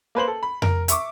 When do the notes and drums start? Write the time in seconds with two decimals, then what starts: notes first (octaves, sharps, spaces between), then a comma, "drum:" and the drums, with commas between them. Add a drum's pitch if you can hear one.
0.15 A#3 B4 C5 F#7
0.28 A4
0.43 B5
0.62 A#4, drum: tom F2
0.88 E5 C#6 D6, drum: hi-hat